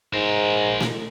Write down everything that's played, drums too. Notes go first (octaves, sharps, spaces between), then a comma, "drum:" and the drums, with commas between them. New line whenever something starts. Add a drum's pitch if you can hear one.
G#2 A#4 C5
drum: snare A3